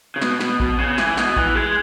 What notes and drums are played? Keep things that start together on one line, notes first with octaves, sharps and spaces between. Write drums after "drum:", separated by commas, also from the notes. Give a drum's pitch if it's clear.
C#3
B2, drum: snare
B2, drum: snare
B2, drum: kick A#1
C#3
E3, drum: snare
B2, drum: snare
E3, drum: kick A#1
G#3